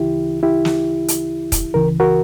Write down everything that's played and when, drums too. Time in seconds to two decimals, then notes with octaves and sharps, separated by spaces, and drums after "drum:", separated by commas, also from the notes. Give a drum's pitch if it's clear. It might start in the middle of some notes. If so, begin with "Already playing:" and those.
Already playing: D2 C#3 E3 E4 G4
0.43 E4 G4
0.65 drum: snare
1.08 drum: hi-hat
1.52 drum: kick, hi-hat
1.74 C#2 C#3 E3 A#4
2.00 F#4 A#4